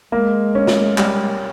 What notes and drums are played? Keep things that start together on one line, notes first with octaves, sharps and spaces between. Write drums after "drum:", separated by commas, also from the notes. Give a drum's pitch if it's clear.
G#3 A#3
C#4
drum: snare
G3, drum: clap